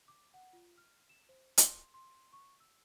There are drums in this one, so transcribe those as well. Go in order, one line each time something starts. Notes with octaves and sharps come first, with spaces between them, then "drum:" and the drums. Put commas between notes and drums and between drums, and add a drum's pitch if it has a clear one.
D6
F#5
F4
F6
E7
C5
C6, drum: hi-hat
C6
C#6
E6